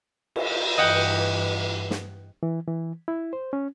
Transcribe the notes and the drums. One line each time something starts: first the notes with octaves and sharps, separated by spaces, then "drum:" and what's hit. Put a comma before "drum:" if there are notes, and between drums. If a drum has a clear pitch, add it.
drum: cymbal
G2 E3 D#5 F#5 G5
drum: snare
E3
E3
E4
C5
C#4